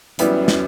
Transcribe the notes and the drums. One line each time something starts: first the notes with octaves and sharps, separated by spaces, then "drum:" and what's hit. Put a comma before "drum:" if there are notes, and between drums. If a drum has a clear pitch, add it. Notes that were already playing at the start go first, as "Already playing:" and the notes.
F#2 E3 G3 B3 E4, drum: hi-hat
drum: snare